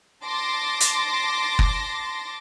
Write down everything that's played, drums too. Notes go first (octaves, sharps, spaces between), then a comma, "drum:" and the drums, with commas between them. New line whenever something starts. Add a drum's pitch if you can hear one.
A5 C6 D6 A#6
drum: hi-hat
drum: kick F#1